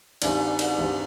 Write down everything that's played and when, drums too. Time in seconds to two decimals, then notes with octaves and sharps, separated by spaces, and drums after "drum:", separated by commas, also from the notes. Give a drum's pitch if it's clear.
0.22 G2 D#3 G3 C4 F4, drum: cymbal
0.59 drum: cymbal
0.78 G2 D#3 G3 C4 F4